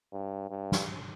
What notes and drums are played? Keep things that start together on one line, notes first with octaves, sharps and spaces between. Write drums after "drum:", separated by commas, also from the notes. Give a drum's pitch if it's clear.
G2
G2
drum: snare